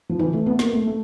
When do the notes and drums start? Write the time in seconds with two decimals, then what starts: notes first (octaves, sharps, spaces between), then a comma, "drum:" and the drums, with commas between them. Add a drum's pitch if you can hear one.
0.09 F3
0.20 E3, drum: tom
0.33 A3
0.46 B3
0.59 A#3, drum: snare
0.73 A3
0.87 A3